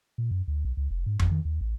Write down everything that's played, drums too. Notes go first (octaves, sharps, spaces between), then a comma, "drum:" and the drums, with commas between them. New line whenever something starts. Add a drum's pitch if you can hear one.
A#2
F#2
D2
B1
C#2
F1
G#2
G#1, drum: tom F2
D#3
D#2
A1